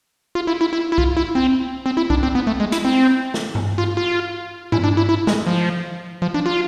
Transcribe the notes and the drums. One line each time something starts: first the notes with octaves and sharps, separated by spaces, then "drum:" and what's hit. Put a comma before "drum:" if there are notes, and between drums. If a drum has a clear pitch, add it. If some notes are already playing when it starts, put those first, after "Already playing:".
F4
E4
E4
E4
E4
F4, drum: kick C2
E4
C4
C4
E4
D4, drum: kick C2
C4
B3
A3
G#3
E4, drum: hi-hat
C4
drum: snare
drum: tom G2
F4
F4
E4, drum: tom G2
D4
E4
E4
G#3, drum: snare
F3
F3
D4
F4